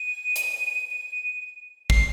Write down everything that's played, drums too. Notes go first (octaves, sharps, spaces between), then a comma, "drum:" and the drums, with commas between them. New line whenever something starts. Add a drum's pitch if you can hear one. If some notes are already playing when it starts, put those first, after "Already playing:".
Already playing: D#7
drum: hi-hat
D#7
C7, drum: kick